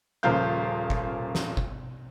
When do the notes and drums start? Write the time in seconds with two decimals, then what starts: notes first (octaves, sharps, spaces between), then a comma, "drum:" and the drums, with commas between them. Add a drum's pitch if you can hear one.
0.23 D#1 C#3 F3 A#3 F5 G6
0.90 drum: kick G1
1.35 drum: snare
1.57 drum: kick G1